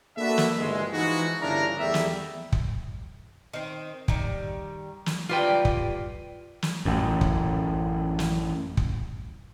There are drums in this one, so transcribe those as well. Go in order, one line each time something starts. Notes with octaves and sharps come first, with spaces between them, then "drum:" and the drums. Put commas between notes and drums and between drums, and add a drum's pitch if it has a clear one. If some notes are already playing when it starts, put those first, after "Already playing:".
A#3 D4 F#4 A4 B4 E5
drum: snare
G1 C2 E3 G#3
E3 F3 G#3 D#4 E4 F#4
G1 C#3 D4 E4 A#4 A#5
E2 G3 A3 B3 E5
drum: snare
drum: kick
D#3 C4
D#3 G3, drum: kick
drum: snare
G3 F4 B4 D5 G5
drum: kick
drum: snare
A1 F#2
drum: kick
drum: snare
drum: kick